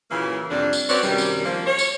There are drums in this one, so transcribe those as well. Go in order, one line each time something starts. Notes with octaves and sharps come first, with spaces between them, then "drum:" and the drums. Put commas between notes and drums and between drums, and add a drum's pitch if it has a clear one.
A#2 C#3 E3 F#3 A#3
F2 C3 G3 D4
drum: tambourine
C4 C#4 F#4 B4 C#5 D5, drum: tambourine
F#2 C3 D#3 G3, drum: tambourine
drum: tambourine
F3 A#3
C#5
drum: tambourine